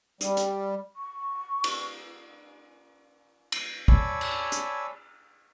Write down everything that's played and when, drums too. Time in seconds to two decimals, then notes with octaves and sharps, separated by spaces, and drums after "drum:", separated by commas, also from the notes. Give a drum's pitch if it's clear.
0.21 G3, drum: hi-hat
0.37 drum: hi-hat
0.96 C#6
1.64 drum: cymbal
3.52 drum: cymbal
3.88 C#5 D5 G#5 A5 B5 E6, drum: kick
4.21 drum: cymbal
4.52 drum: hi-hat